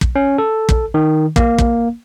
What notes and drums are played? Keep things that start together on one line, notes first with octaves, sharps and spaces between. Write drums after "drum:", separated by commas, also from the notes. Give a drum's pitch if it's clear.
drum: kick
C#4
A4
drum: kick
D#3
A#3, drum: kick
drum: kick